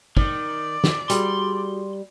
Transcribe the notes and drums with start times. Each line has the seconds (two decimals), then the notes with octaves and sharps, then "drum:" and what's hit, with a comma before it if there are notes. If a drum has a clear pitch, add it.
0.17 D#3 D5, drum: kick
0.84 drum: snare
1.10 G3 F#4 G#4 C6, drum: hi-hat